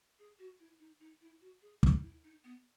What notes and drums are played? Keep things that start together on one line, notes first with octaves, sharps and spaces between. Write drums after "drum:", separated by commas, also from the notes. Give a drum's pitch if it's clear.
G#4
F#4
E4
D#4
D#4
E4
F#4
G#4
G#4, drum: kick
D#4
E4
D#4
B3